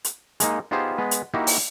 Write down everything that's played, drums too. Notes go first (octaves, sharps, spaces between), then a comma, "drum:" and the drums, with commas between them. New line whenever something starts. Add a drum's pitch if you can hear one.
drum: hi-hat
G#3 A#3 D#4, drum: hi-hat
B3 D#4 F4 G4 G#4 C5
G#3 B3 B4
drum: hi-hat
A#3 D#4 E4 F#4 G4
drum: open hi-hat